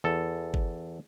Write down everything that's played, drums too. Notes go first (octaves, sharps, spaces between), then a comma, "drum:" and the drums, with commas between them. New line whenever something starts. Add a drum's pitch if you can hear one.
E2 A4
drum: kick G1